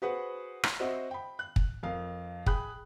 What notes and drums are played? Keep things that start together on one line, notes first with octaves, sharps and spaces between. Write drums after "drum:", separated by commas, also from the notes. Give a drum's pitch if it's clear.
F#4 G#4 B4 C5 F#5
drum: rim click
C4 F#4 C5 D#5 E5
G5 B5
F#6
drum: kick
F2 A#4 F5
G#4 G5 B5 F#6, drum: kick